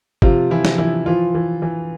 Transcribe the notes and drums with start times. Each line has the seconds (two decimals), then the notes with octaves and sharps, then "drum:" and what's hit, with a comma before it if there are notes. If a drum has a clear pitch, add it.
0.22 C3 F3 F4, drum: kick
0.50 E3 F3 E4
0.65 drum: snare
0.78 E3 F3 E4
1.06 E3 F3 F4
1.35 E3
1.62 E3